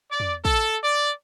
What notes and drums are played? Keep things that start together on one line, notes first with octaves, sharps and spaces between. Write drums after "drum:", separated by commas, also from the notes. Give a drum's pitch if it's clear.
D5
drum: tom
A4, drum: kick
D5